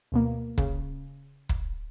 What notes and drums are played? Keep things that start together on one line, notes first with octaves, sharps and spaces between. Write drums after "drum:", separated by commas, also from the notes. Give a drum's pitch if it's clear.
D2 B2 A#3
C#3, drum: kick
drum: kick